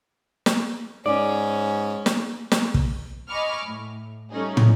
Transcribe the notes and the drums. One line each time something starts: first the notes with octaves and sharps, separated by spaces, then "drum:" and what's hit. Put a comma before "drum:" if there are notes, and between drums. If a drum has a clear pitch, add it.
drum: snare
G#2 C#4 D5
drum: snare
drum: snare
drum: kick
D#5 G#5 B5 C#6 D6 F6
A2
G3 A3 C#4 D#4 G#4
drum: tom